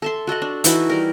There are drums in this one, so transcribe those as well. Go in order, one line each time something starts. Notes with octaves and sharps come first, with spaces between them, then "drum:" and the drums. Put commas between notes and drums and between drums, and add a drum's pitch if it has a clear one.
A4 E5 C6
F#4 A4 D#5 F#5
D4
E3 D#4 E4 F#4, drum: hi-hat
G3 A#4